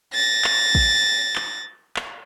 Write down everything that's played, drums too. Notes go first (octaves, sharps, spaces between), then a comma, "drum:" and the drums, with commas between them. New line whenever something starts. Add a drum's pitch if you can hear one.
A6 A#6
drum: clap
drum: kick
drum: clap
drum: clap